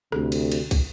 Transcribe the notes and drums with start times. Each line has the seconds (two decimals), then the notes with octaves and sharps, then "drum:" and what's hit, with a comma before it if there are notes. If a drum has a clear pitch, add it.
0.12 D2 C3, drum: rim click
0.32 drum: cymbal
0.52 drum: cymbal
0.71 drum: kick, cymbal